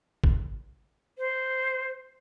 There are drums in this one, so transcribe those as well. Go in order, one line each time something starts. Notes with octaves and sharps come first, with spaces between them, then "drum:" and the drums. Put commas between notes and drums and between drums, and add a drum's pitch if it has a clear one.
drum: kick
C5